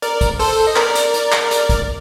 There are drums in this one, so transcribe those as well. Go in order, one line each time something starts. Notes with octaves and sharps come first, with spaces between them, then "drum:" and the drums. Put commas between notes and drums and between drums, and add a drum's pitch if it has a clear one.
A#4 D5, drum: hi-hat
drum: kick, hi-hat
A4 C5, drum: open hi-hat
D#5
A#4 D5, drum: clap
drum: hi-hat
drum: hi-hat
drum: clap
drum: hi-hat
drum: kick, hi-hat